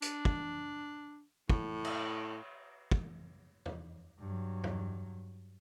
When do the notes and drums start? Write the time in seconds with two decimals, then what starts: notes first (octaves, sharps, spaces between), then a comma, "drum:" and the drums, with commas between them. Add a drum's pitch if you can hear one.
0.02 D4, drum: hi-hat
0.25 drum: kick
1.50 A2, drum: kick
1.85 drum: cymbal
2.91 drum: kick
3.66 drum: tom E2
4.19 G2 F#3
4.64 drum: tom E2